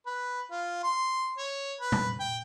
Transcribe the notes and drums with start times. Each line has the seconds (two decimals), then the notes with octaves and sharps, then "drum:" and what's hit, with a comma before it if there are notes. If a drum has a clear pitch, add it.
0.06 B4
0.51 F4
0.83 C6
1.38 C#5
1.80 B4
1.92 drum: tom A#2
2.20 G5